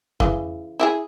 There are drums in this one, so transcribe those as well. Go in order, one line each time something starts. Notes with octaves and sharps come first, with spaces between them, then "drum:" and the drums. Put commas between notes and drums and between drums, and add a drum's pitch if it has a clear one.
C#3 E3, drum: kick F2
E4 G4 G#4